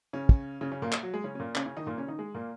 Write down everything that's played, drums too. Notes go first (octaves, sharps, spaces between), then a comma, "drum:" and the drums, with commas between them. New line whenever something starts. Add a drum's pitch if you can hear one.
C#3 C#4
drum: kick
C#3 C#4
C#3 C#4
A#2 A#3
drum: clap
F#3
G#3
C#3 C#4
C#4
A#2 A#3
C#3 C#4, drum: clap
C#3 C#4
D#3 D#4
A#2 A#3
C#3 C#4
D#3 D#4
G#3
A#2 A#3